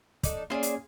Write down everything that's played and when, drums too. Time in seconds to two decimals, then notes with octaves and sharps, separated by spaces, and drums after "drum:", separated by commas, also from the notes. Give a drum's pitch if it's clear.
0.23 D4 D#4 A4, drum: kick, hi-hat
0.50 A#3 C#4 F4 G#4 C#5 D5 E5
0.63 drum: hi-hat